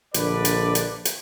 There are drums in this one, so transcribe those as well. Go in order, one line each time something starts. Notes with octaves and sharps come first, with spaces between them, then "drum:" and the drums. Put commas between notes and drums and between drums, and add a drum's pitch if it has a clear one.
A#1 D3 B4 D5, drum: hi-hat
drum: hi-hat
drum: hi-hat
drum: hi-hat